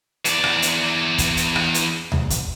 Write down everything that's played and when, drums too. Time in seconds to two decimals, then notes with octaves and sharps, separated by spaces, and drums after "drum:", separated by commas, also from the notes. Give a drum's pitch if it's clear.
0.25 E2 D5, drum: hi-hat
0.44 drum: rim click
0.62 drum: hi-hat
1.18 drum: kick, hi-hat
1.37 drum: hi-hat
1.56 drum: rim click
1.74 drum: hi-hat
2.12 drum: tom D2
2.30 drum: kick, hi-hat